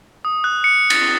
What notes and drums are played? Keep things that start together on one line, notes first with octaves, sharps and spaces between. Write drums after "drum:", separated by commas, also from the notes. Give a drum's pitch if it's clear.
D#6
F#6
C#7
A6, drum: cymbal